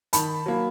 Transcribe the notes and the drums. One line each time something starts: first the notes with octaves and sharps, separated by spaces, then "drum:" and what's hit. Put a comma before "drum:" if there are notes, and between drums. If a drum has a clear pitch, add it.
D#3 A5 B5, drum: hi-hat
F#3 A#3